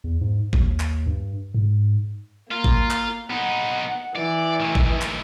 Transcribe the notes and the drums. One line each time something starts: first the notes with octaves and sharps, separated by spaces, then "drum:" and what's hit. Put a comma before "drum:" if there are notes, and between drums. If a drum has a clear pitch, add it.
E2
G#2
D#2, drum: kick
drum: clap
G2
G#2
A#3 F4
drum: kick
drum: clap
B3 D#4 F#5
E3 D5
D#3 A3
drum: kick
drum: clap